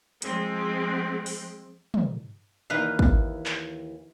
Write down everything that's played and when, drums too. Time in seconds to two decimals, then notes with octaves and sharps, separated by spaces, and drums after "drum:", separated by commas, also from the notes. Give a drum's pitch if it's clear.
0.22 F3 G#3 C4, drum: hi-hat
1.26 drum: open hi-hat
1.94 drum: tom
2.70 D#2 E3 D#4 B4 E5 F5
2.99 drum: kick
3.46 drum: clap